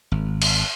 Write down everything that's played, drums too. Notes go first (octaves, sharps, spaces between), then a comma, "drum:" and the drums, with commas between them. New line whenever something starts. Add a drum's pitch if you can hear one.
G#1
drum: cymbal